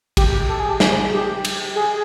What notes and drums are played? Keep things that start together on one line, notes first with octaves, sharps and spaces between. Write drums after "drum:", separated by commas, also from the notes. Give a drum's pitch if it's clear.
G4, drum: kick, cymbal
A4
G#4
G4
G#4, drum: snare
G4
drum: cymbal
G#4